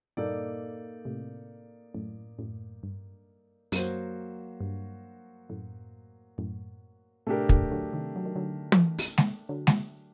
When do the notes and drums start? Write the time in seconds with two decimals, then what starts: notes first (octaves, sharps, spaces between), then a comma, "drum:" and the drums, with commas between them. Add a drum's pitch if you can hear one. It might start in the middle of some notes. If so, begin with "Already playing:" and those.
0.17 G2 A#2 A#3 D#4 A4 D5
1.05 A2 C3
1.94 F#2 A2
2.39 F#2 A2
2.83 G2
3.72 F#2 F#3 A#3 F#4 C5, drum: open hi-hat
4.61 G2
5.50 F#2 A2
6.38 F#2 A2
7.27 A2 C3 A3 D4 G4 A#4
7.49 A#2 D3, drum: kick
7.71 D3 F#3
7.93 C3 D#3
8.16 F#3
8.26 D#3
8.36 D3 F#3
8.72 drum: tom
8.98 drum: open hi-hat
9.18 drum: snare
9.49 D3 F#3
9.67 drum: snare